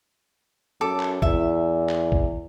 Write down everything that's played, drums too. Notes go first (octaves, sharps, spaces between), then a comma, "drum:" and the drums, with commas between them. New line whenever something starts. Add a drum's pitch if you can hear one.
F#2 A4 D6
drum: clap
E2 E5, drum: kick
drum: clap
drum: kick